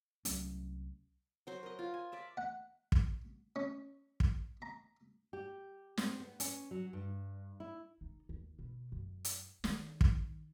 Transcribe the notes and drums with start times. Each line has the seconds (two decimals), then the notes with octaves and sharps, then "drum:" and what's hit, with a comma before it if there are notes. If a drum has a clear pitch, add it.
0.25 C2 F#3 A3 C#4, drum: hi-hat
1.47 F#3 F#4 C5
1.63 A#4 D#5
1.79 F4
1.94 G#5
2.12 D5 E5 A5
2.37 F#5
2.92 drum: kick
3.56 C#4
4.20 drum: kick
4.62 A#5
5.33 G4
5.97 C4, drum: snare
6.20 B3
6.40 C#4, drum: hi-hat
6.71 F#3
6.93 G2
7.60 E4
8.01 D#4
8.29 D#2
8.59 B2
8.92 F#2
9.25 drum: hi-hat
9.64 D#3, drum: snare
10.01 drum: kick